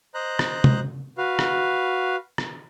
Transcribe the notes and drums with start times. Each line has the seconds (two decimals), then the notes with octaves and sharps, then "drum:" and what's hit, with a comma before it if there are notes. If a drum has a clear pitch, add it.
0.14 C5 D#5 A#5 F#6
0.39 drum: rim click
0.64 drum: tom
1.18 F#4 B4 F5
1.39 drum: rim click
2.38 drum: rim click